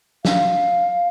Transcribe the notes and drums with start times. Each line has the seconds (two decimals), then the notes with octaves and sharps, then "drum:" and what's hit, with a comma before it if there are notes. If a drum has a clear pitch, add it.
0.25 F5, drum: snare